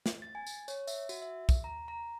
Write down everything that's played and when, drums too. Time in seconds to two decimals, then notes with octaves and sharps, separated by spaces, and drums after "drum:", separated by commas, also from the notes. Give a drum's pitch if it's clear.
0.06 drum: snare
0.22 A6
0.35 G#5
0.47 drum: tambourine
0.68 C#5, drum: tambourine
0.87 E5, drum: tambourine
1.09 F#4, drum: tambourine
1.22 E5
1.49 drum: kick, tambourine
1.64 A#5
1.88 A#5